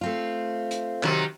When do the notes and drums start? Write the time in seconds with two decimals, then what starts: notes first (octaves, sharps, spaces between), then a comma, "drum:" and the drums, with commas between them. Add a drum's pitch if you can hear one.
0.01 A3 C4 F4
0.71 drum: hi-hat
1.03 C3 D#3 F#3, drum: clap